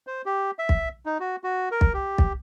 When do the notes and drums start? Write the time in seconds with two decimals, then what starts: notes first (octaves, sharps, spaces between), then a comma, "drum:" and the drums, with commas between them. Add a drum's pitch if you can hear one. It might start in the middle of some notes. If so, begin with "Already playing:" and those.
0.07 C5
0.25 G4
0.59 E5
0.69 drum: kick
1.06 D#4
1.20 F#4
1.44 F#4
1.71 A#4
1.81 drum: kick
1.94 G4
2.18 drum: kick